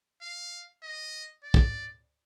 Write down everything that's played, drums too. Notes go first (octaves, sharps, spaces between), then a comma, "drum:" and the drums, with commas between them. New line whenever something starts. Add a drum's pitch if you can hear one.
F5
D#5
D5
drum: kick